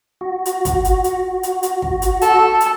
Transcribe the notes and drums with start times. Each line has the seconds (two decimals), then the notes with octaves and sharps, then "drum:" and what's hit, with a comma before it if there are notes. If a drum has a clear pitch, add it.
0.21 F#4
0.45 drum: hi-hat
0.65 drum: kick, hi-hat
0.85 drum: hi-hat
1.04 drum: hi-hat
1.43 drum: hi-hat
1.63 drum: hi-hat
1.82 drum: kick
2.02 drum: hi-hat
2.21 A4, drum: hi-hat
2.60 drum: hi-hat